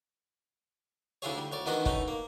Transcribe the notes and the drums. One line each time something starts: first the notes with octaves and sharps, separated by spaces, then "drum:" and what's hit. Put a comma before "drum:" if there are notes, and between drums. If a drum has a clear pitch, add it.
D2 D3 E4 F4 G#4 C#5
G3
D2 C#5 D5
D#3 E3 B3 D4 F#4 D#5
B2 A3 C#4 D#4, drum: kick
A#3